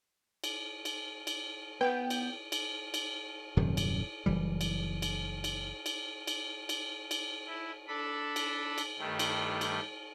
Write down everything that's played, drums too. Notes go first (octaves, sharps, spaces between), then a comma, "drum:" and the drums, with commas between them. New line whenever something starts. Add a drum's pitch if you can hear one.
drum: cymbal
drum: cymbal
drum: cymbal
B3 B4 F#5 G5
drum: cymbal
drum: cymbal
drum: cymbal
D#1 F#2 C3 D#3
drum: cymbal
F#1 E3 G3
drum: cymbal
drum: cymbal
drum: cymbal
drum: cymbal
drum: cymbal
drum: cymbal
drum: cymbal
E4
D4 A4 B5
drum: cymbal
drum: cymbal
G2 D#3 G3 A3
drum: cymbal
drum: cymbal